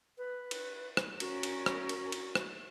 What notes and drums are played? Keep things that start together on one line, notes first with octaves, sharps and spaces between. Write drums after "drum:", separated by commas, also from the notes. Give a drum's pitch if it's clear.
B4
drum: cymbal
drum: rim click
C#4 F#4 A#4, drum: cymbal
drum: cymbal
drum: rim click
drum: cymbal
drum: cymbal
drum: rim click